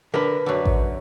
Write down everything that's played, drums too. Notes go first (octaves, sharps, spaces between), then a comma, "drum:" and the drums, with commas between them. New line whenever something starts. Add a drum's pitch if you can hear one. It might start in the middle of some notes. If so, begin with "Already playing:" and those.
D3 A#4 B4
F#2 D3
drum: kick A1